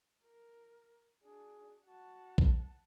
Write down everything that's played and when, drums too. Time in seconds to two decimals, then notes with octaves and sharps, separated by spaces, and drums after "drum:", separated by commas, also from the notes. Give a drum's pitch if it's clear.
0.24 A#4
1.24 D4 F#4 G#4
1.86 F#4 F#5 A5
2.38 drum: kick